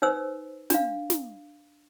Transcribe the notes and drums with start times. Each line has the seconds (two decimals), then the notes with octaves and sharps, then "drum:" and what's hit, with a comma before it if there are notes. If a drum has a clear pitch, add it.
0.02 D#4 B4 C5 E6
0.70 D4 F5, drum: snare
1.10 drum: snare